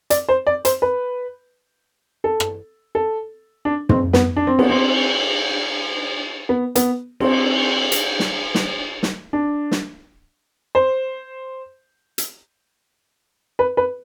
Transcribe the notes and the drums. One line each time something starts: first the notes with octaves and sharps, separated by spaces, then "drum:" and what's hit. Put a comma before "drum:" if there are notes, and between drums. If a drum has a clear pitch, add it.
D5, drum: hi-hat
C5
D5
C5, drum: hi-hat
B4
A4
drum: rim click
A4
D4
C4, drum: tom
B3, drum: snare
D4
C4
B3, drum: cymbal
C4
B3
B3, drum: hi-hat
C4, drum: cymbal
drum: hi-hat
drum: snare
drum: snare
drum: snare
D4
drum: snare
C5
drum: hi-hat
B4
B4